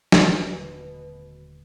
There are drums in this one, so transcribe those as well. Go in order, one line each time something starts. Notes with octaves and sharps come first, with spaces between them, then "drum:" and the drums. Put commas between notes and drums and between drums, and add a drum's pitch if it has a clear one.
D#1 D2 B2, drum: snare